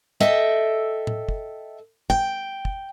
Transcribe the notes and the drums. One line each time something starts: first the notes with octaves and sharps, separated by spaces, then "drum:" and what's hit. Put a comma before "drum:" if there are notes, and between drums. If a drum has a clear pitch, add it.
A4 D#5 E5 G5, drum: hi-hat
drum: tom A2
drum: kick
G5, drum: kick
drum: kick